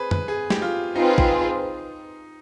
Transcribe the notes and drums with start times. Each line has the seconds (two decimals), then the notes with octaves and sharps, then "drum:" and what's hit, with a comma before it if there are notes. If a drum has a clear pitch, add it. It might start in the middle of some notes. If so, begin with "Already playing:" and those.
Already playing: G#4 B4 C5
0.11 B4, drum: tom F#2
0.28 G#4
0.50 G4, drum: snare
0.62 F4
0.96 C4 D#4 F4 G#4 B4
1.18 drum: kick A1